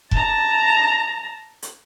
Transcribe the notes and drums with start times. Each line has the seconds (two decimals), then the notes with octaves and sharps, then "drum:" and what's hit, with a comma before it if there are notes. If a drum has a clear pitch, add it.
0.11 A5 A#5, drum: kick F1
1.62 drum: hi-hat